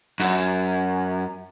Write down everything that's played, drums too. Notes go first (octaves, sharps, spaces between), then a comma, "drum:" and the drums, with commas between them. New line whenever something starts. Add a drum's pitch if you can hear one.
F#2, drum: open hi-hat